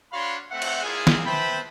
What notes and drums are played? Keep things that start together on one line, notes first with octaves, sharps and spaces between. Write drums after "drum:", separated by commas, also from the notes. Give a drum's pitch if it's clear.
D4 F#4 C#5 F5 B5 C6
A3 C4 E5 F#5
drum: cymbal
A#3 E4 F4 G#4
drum: snare
B4 C5 E5 G5 A5 B5